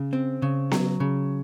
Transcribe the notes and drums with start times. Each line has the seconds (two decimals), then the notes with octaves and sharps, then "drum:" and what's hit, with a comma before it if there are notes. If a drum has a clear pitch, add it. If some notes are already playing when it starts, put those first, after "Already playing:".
Already playing: C#3
0.13 C4
0.42 C#3
0.71 F#3, drum: snare B3
1.00 C#3